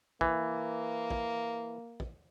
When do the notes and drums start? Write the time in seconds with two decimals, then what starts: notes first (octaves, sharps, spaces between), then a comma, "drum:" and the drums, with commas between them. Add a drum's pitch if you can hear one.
0.21 E3 A#3, drum: kick
1.10 drum: kick
2.00 drum: kick